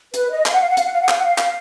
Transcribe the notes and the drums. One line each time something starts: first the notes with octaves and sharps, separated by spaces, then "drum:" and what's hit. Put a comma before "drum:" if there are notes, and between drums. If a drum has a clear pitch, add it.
B4, drum: hi-hat
D#5
F5, drum: clap
F#5
F5
F#5
F5, drum: hi-hat
F#5
F5
F#5
F5, drum: clap
F#5
F5
drum: clap